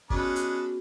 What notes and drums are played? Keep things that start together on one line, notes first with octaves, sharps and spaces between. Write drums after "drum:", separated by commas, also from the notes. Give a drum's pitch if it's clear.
B3 C#4 D4 F#4 G#4 B4 D#5, drum: kick
drum: hi-hat